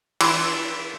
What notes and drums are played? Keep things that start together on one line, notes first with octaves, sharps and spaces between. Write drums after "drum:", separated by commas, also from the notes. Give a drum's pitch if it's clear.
E3 G5 C6 E6, drum: cymbal